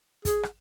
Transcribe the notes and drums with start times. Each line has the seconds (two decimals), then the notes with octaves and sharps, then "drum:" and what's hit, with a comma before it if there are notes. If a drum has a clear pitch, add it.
0.25 G#4, drum: kick, hi-hat
0.43 drum: rim click